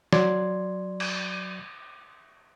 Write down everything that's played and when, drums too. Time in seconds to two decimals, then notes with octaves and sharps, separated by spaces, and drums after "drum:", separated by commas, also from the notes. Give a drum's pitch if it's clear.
0.13 F#3 D5 C6 G#6, drum: snare
1.00 drum: cymbal